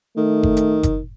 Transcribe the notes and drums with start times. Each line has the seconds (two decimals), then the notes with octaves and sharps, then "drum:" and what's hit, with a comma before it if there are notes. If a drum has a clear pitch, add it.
0.17 D#3 A3
0.43 drum: kick F#1
0.57 drum: hi-hat
0.83 drum: kick F#1, hi-hat